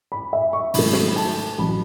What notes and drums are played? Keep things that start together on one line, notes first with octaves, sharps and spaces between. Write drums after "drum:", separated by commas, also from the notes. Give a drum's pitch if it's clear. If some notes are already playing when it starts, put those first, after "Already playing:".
B5
E5
C#6
G#1 G#2 F#3 A3 B5, drum: open hi-hat
drum: snare
B5
A5
A1 F#3 B5